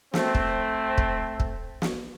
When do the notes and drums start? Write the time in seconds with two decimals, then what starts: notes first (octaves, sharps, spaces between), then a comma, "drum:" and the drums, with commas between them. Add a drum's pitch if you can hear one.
0.14 A3 C4, drum: snare
0.35 drum: kick
0.98 drum: kick
1.40 drum: kick
1.82 drum: snare